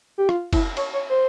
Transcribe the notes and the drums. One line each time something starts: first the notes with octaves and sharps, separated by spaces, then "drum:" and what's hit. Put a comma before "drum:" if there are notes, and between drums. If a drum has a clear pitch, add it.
G4
F4, drum: rim click
E4, drum: kick, cymbal
C#5, drum: cymbal
C#5
C5